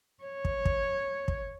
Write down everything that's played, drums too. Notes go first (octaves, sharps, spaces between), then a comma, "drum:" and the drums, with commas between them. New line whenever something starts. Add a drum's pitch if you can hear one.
C#5
drum: kick
drum: kick
drum: kick